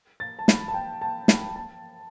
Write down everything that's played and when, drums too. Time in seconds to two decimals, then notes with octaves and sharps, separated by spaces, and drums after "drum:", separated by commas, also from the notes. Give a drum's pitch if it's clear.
0.20 A6
0.39 A5
0.48 B5, drum: snare
0.68 A5
0.74 G5
1.02 A5
1.28 B5, drum: snare
1.56 A5